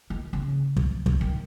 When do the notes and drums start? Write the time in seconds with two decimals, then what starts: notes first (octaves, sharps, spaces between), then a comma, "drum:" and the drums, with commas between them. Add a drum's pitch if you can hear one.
0.10 D#3
0.33 C#3
0.77 drum: kick
1.06 drum: kick
1.21 D#3